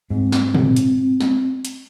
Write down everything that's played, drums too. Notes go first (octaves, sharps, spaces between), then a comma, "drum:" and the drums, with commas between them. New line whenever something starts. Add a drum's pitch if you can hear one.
G#2 C4
drum: snare
drum: tom
drum: hi-hat
drum: snare
drum: hi-hat